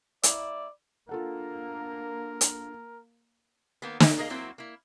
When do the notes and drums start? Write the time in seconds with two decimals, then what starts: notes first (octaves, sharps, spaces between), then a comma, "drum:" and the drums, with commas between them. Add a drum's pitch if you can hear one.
0.23 A#3 E4 D5, drum: hi-hat
1.09 A#3 D4 F4 A4 A#4 F#5
2.41 drum: hi-hat
3.82 D#3 A#3 B3
4.00 G4 A4 C#5 D#5 E5, drum: snare
4.17 A#3 B3 G#4 A#4 D#5 F5
4.30 F#3 A#3 C4 E4 F#4
4.58 A#3 E4